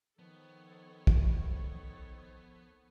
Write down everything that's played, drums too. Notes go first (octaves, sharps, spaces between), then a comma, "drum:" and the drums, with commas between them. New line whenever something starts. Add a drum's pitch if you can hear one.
D#3 F3 B3 A4 C#5
drum: kick